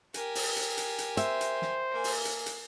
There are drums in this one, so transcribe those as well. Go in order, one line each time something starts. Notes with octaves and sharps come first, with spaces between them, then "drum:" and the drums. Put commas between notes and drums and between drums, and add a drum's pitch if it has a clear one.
G4 A#4 G#5, drum: hi-hat
drum: open hi-hat
drum: hi-hat
drum: hi-hat
drum: hi-hat
C5 E5, drum: hi-hat
drum: hi-hat
drum: snare
A#3 G#5
drum: open hi-hat
drum: hi-hat
drum: hi-hat